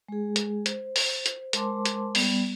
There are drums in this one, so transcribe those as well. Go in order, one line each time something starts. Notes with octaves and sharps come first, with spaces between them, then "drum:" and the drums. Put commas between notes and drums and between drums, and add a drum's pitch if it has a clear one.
G#3 G#4
drum: hi-hat
C5, drum: hi-hat
drum: open hi-hat
drum: hi-hat
G#3 A#4 C5 A5 C6 D6, drum: hi-hat
drum: hi-hat
G3 B3 D5, drum: open hi-hat